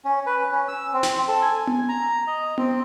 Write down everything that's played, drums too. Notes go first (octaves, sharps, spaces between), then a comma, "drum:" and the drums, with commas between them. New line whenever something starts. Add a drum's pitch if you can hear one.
C#4
B4
C#4
E6
C4
drum: snare
A4
G#5
drum: tom B3
A#5
D#5
C4, drum: tom B3